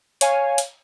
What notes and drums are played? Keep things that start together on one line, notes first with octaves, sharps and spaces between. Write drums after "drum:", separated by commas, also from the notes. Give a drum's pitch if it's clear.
C#5 F5 G#5, drum: hi-hat
drum: hi-hat